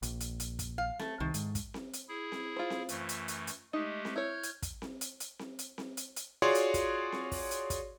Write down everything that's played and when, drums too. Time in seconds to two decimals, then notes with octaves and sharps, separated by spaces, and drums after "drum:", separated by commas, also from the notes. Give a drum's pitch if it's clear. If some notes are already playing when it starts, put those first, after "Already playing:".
0.02 A#1, drum: hi-hat
0.20 drum: hi-hat
0.40 drum: hi-hat
0.59 drum: kick, hi-hat
0.78 F5
0.99 A3, drum: snare C4
1.20 C2 D#3
1.34 G#2, drum: hi-hat
1.55 drum: kick, hi-hat
1.74 drum: snare C4
1.93 drum: hi-hat
2.09 E4 G#4
2.32 drum: snare C4
2.56 F4 C5
2.70 drum: snare C4
2.89 F#2 E3 A3, drum: hi-hat
3.09 drum: hi-hat
3.28 drum: hi-hat
3.47 drum: hi-hat
3.73 G#3 A3 D#4 G4
4.05 drum: snare C4
4.16 E4 C#5 F6 G6 G#6
4.43 drum: hi-hat
4.62 drum: kick, hi-hat
4.82 drum: snare C4
5.01 drum: hi-hat
5.20 drum: hi-hat
5.39 drum: snare C4
5.59 drum: hi-hat
5.78 drum: snare C4
5.97 drum: hi-hat
6.16 drum: hi-hat
6.42 F4 F#4 G#4 C#5 D5 C6
6.55 drum: hi-hat
6.74 drum: kick, hi-hat
7.12 drum: snare C4
7.32 drum: kick, open hi-hat
7.51 drum: hi-hat
7.70 drum: kick, hi-hat